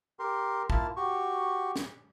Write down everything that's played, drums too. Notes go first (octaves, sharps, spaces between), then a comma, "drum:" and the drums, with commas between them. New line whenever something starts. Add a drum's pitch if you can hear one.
G4 A#4 C6
A#3 E4 F4 A5, drum: kick
F#4 G4 C#6
drum: snare